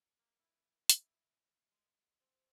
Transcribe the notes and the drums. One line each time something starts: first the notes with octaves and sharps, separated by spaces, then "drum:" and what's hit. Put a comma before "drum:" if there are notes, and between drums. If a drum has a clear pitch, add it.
A#3
E4
E4, drum: hi-hat
G#3
C4